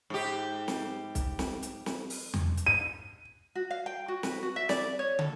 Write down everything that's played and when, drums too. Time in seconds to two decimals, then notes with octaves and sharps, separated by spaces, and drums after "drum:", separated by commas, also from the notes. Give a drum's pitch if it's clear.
0.10 G#2 G4
0.68 drum: snare
1.15 drum: kick B1, hi-hat
1.39 drum: snare
1.63 drum: hi-hat
1.86 drum: snare
2.10 drum: open hi-hat
2.34 drum: tom E2
2.57 drum: hi-hat
2.66 D#7
3.55 F#4
3.71 F5
3.86 G5
4.08 F#4
4.23 B4, drum: snare
4.43 F#4
4.56 E5
4.69 D5, drum: snare
4.99 C#5
5.19 A4, drum: tom